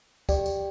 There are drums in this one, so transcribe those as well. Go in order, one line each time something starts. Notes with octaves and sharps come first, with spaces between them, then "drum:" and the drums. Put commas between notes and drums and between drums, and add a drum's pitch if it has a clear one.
G4 D5 G5, drum: kick, tambourine
drum: tambourine